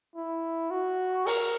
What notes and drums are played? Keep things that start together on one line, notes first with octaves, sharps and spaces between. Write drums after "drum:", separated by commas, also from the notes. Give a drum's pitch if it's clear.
E4
F#4
A#4, drum: open hi-hat